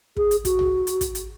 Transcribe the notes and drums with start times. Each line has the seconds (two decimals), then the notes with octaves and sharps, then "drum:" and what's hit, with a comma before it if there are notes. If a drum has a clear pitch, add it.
0.17 G#4, drum: kick
0.31 drum: hi-hat
0.45 F#4, drum: kick, hi-hat
0.59 drum: tom
0.87 drum: hi-hat
1.01 drum: kick, hi-hat
1.15 drum: hi-hat